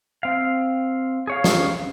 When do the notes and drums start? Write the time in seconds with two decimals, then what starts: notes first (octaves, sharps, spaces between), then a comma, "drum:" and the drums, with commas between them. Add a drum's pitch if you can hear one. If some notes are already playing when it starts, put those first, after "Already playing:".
0.23 C4 F5
1.27 G#4 C#5 F5
1.44 drum: snare